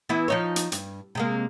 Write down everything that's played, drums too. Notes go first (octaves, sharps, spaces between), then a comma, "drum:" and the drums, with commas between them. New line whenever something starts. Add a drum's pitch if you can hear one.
E3 B3 E4
F3 D#4 C#5
drum: hi-hat
G2, drum: hi-hat
C3 G#3 A#3